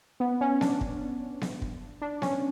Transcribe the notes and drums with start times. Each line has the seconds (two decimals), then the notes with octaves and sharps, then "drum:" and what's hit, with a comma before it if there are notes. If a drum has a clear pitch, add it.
0.20 B3
0.41 C#4
0.61 D4, drum: snare B3
0.81 drum: kick
1.41 drum: snare B3
1.62 drum: kick
2.02 D4
2.22 C#4, drum: snare B3